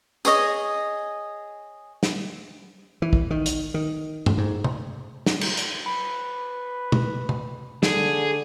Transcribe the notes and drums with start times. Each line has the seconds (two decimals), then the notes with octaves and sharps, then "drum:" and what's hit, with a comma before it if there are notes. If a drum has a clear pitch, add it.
0.25 G#4 C#5 D#5, drum: tambourine
2.03 drum: snare
3.02 E3
3.13 drum: kick
3.31 D#3
3.46 drum: hi-hat
3.74 D#3
4.26 drum: tom G2
4.38 G#2
4.64 drum: tom C3
5.26 drum: snare
5.41 drum: cymbal
5.57 drum: hi-hat
5.86 B4 B5
6.92 drum: tom
7.29 drum: tom C3
7.83 D3 G#4, drum: snare